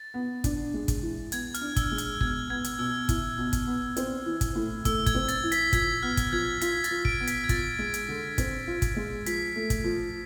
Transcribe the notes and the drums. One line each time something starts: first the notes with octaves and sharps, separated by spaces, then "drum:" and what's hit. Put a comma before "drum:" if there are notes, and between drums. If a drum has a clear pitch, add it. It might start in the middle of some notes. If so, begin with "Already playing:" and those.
Already playing: A6
B3
D4, drum: kick, hi-hat
G#3
drum: kick, hi-hat
E3
B3 G#6, drum: hi-hat
F6, drum: hi-hat
D4
E6, drum: kick, hi-hat
G#3
F6, drum: hi-hat
B2 G#6, drum: kick
B3 G#6
drum: hi-hat
B2 E6
E4, drum: kick, hi-hat
B2
drum: kick, hi-hat
B3
C4, drum: hi-hat
E3
drum: kick, hi-hat
A2
A3 E6, drum: kick, hi-hat
G#6, drum: kick, hi-hat
C4
A6, drum: hi-hat
E3
B6, drum: hi-hat
F3 G#6, drum: kick, hi-hat
B3 F6
drum: kick, hi-hat
F3 G#6
F4 B6, drum: hi-hat
A6, drum: hi-hat
F3
D7, drum: kick
B3
B6, drum: hi-hat
G#6
F4 A6, drum: kick, hi-hat
G#3
drum: hi-hat
D3
C4, drum: kick, hi-hat
F4
drum: kick, hi-hat
G#3
F3 B6, drum: hi-hat
A3
drum: kick, hi-hat
F3